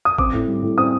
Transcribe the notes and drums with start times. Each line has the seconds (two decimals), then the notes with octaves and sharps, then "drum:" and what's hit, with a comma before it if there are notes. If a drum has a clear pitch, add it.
0.05 D#6
0.18 C4 D6, drum: kick G1
0.33 A2
0.47 G3
0.62 A2
0.78 C4 D#6